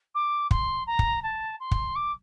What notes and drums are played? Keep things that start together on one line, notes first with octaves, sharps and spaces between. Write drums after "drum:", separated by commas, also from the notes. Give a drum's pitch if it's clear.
D6
C6, drum: kick
A#5
drum: kick
A5
C6
drum: kick
D6